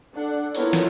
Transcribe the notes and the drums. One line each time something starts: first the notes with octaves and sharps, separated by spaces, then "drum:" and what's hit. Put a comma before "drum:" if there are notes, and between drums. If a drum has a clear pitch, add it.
D4 A4 F#5
B3 E4 F4 A4 A#4 C#5, drum: open hi-hat
drum: snare